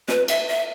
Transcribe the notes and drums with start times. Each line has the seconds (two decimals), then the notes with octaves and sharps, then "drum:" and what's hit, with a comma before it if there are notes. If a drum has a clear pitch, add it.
0.08 B4, drum: snare
0.28 E5, drum: cymbal
0.48 E5